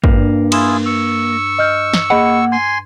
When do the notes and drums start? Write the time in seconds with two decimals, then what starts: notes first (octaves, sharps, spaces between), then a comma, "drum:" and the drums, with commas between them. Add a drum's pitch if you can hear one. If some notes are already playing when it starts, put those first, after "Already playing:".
0.04 G2 A#3, drum: kick
0.52 E4 F4 G#4 E7, drum: cymbal
0.86 C#6 E6
1.58 D#5 F6 G6
1.94 drum: snare
2.10 A#3 G#4 D#5 F#5 B5
2.52 G#5 C6 G#6